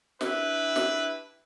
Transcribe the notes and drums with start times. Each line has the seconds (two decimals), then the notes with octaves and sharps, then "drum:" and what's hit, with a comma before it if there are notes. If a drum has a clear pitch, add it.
0.21 D4 E4 G4 B4, drum: snare
0.76 drum: snare